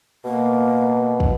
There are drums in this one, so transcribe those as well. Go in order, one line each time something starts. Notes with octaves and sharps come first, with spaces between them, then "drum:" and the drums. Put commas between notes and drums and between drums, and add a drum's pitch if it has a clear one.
B2 A#3
drum: kick